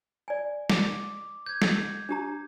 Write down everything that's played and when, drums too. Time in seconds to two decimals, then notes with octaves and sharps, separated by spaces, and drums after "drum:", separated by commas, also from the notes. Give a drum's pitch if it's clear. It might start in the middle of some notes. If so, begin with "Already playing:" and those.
0.28 D5 G#5
0.70 D6, drum: snare
1.46 G6 G#6
1.62 drum: snare
2.09 D4 G4 A#5